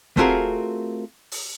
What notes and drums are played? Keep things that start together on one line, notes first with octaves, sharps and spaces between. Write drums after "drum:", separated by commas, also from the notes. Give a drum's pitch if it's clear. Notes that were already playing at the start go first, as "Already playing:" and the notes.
A3 C4 F4 F#4 G#4 A#4, drum: kick
drum: open hi-hat